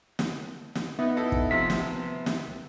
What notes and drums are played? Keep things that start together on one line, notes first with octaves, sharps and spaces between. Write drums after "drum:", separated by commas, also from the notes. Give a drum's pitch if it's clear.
drum: snare
drum: snare
B3 D#4 E5
D#4 E4 A4
drum: kick
C3 F3 B6
drum: snare
drum: snare